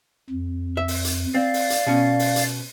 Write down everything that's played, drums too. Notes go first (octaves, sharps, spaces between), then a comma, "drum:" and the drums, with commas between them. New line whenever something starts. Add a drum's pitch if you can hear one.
F2
E5
drum: open hi-hat
drum: hi-hat
C4 D5 F5
drum: open hi-hat
drum: hi-hat
B2 C#4
drum: open hi-hat
drum: hi-hat